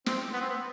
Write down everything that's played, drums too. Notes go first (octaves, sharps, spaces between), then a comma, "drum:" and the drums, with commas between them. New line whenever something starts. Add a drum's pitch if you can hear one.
C4, drum: snare
B3
C4
B3